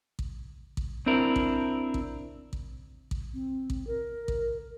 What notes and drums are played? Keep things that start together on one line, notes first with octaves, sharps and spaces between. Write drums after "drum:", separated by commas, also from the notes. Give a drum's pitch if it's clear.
drum: kick A1
drum: kick A1
C4 D4 E4 A#4
drum: kick A1
drum: kick A1
drum: kick A1
drum: kick A1
C4
drum: kick A1
A#4
drum: kick A1